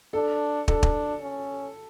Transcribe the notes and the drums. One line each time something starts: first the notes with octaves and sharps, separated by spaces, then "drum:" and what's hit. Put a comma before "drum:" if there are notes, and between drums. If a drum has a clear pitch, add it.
D4 A4
D4 A4, drum: kick
drum: kick
C#4